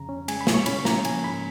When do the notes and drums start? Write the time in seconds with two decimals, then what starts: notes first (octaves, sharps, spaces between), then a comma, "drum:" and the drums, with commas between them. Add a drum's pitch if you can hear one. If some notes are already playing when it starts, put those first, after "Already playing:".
Already playing: F2 C#3 A#5
0.09 C#4
0.28 G#3 G#5, drum: cymbal
0.41 B5
0.47 C#3, drum: snare
0.54 C#6
0.66 C#4 B5, drum: cymbal
0.85 A#3 A#5, drum: snare
1.05 F3 G#5, drum: cymbal
1.24 G#2 B5